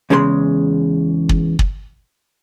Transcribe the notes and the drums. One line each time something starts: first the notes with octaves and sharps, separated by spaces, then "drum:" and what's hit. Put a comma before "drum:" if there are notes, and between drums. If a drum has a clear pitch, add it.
E2 C#3 G#3 B4 C6
drum: kick
drum: kick